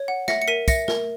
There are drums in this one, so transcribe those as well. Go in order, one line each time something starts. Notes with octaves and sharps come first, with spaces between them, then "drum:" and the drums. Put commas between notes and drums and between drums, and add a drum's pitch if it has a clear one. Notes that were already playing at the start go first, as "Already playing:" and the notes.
Already playing: C#5
F#5
E5 A#6 C#7, drum: snare
C#7
A#4 B6 D#7
E5 A#6 C#7, drum: kick, tambourine
A#4, drum: snare